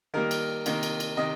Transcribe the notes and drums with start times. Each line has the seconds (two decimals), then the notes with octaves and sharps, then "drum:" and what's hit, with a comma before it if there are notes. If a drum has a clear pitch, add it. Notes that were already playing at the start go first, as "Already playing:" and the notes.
0.14 D#3 G3 A#3 A#4
0.31 drum: cymbal
0.66 C3 D#3 A#3, drum: cymbal
0.83 drum: cymbal
1.00 drum: cymbal
1.17 C3 D#3 D#5